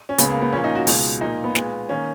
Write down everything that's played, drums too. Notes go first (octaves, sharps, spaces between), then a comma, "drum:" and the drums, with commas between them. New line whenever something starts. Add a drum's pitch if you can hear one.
C#4
C#2 C#3 G#3 B3, drum: hi-hat
A#3
B3
A#2 F3 A#3 C#4
D#4
F#4
C#2 B2 G#3 F4, drum: open hi-hat
A#2 F3 A#3 D#4
B3
A#2 G#3 B3, drum: snare
D#3 A#3 C#4